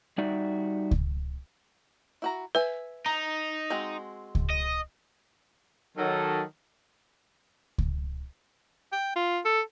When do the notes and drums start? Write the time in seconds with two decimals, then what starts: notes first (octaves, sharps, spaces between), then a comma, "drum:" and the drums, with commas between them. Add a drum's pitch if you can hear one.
0.18 G3 D#4 F#4 D5 E5
0.91 drum: kick C#2
2.22 E4 F#4 A#5
2.55 B4 E5 G#5
3.06 D#4 A#5
3.70 G#3 C4 F#4
4.35 drum: kick C#2
4.50 D#5
5.98 D#3 F#3 A4
7.78 drum: kick C#2
8.92 G5
9.16 F4
9.45 A4